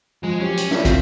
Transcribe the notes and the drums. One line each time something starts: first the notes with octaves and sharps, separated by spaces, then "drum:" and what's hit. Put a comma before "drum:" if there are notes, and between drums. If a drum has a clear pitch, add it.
F3 G#3
F#3 C#4 G4 C#5
drum: hi-hat
D4 C#5 E5, drum: snare
C4 F4, drum: kick, hi-hat